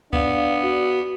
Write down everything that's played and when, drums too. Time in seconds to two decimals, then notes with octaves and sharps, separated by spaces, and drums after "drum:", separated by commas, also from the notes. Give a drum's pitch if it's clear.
0.13 B3 D4 F5, drum: kick C#2
0.62 F#4